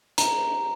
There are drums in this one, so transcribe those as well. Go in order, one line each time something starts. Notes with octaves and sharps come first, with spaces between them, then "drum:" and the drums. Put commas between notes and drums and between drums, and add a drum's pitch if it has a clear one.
A#5, drum: hi-hat